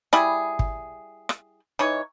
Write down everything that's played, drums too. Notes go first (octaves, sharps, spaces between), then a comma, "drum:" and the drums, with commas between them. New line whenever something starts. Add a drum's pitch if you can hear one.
G3 E4 G#4, drum: rim click
drum: kick
drum: rim click
E3 D#4 C#5